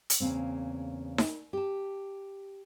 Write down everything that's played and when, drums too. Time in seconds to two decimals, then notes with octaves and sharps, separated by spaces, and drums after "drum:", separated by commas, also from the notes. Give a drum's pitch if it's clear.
0.10 drum: hi-hat
0.20 E2 C#3 A#3 C4
1.18 drum: snare D#4
1.53 G4 A5